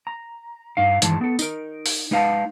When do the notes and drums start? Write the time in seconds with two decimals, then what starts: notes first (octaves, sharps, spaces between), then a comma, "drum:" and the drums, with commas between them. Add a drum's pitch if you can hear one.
0.07 A#5
0.77 G2 D#4 F5
1.02 G2 D#3 E3 G#3 A5, drum: hi-hat
1.21 B3 A4
1.39 D#4 A#4, drum: tambourine
1.86 drum: open hi-hat
2.11 G#3 D#4 B4 F5 F#5 A5